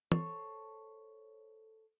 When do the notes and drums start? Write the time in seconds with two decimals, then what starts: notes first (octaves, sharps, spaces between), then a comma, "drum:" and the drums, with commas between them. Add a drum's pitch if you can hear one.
0.12 A4 C5 C#5, drum: tom